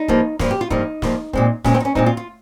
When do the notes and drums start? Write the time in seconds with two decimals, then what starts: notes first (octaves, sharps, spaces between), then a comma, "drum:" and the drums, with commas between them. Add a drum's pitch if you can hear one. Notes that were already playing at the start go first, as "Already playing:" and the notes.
Already playing: D#4
0.08 G2 F3 A#3, drum: kick
0.39 G2 F3 A#3 F4, drum: snare
0.51 G4
0.61 F4
0.70 G2 F3 A#3 D#4, drum: kick
1.02 G2 F3 A#3, drum: snare
1.33 A#2 G#3 C4, drum: kick
1.64 A#2 G#3 C4 C#4, drum: snare
1.75 C4
1.80 D#4
1.85 C#4
1.95 A#2 G#3 C4 D#4, drum: kick
2.06 F4
2.17 F4